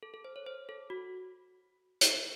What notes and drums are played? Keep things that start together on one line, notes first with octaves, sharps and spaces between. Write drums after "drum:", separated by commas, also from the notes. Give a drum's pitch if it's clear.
A4
A4
C5
C#5
C5
A4
F#4
drum: hi-hat